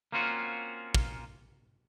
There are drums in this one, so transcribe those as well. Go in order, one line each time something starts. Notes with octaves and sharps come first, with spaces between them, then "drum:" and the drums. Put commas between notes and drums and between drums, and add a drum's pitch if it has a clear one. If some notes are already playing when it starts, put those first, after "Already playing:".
A#3 C4 C#4 F4 F#4
drum: kick